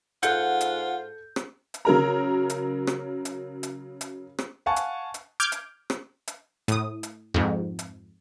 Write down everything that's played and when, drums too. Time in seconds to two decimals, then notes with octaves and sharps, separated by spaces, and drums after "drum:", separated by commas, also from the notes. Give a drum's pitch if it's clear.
0.23 G#2 F4 A4 F#5 G6, drum: hi-hat
0.61 drum: hi-hat
1.36 drum: rim click
1.74 drum: hi-hat
1.85 C#3 F#3 A#4 A#5
2.50 drum: hi-hat
2.87 drum: rim click
3.25 drum: hi-hat
3.63 drum: hi-hat
4.01 drum: hi-hat
4.39 drum: rim click
4.66 F5 F#5 G#5 A5 C#6
4.76 drum: hi-hat
5.14 drum: hi-hat
5.40 D6 F6 G6 G#6 D7
5.52 drum: hi-hat
5.90 drum: rim click
6.28 drum: hi-hat
6.68 A2 D#6, drum: hi-hat
7.03 drum: hi-hat
7.34 F2 G#2
7.79 drum: hi-hat